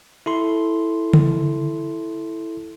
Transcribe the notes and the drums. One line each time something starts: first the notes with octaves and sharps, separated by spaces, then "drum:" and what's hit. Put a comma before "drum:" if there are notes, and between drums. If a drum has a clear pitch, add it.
E4 A4 C6
drum: tom C#3